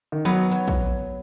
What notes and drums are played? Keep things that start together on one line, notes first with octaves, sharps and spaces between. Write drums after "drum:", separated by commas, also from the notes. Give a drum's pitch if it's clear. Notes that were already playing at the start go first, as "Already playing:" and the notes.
D#3
F#3 B3
F#3
drum: kick A#1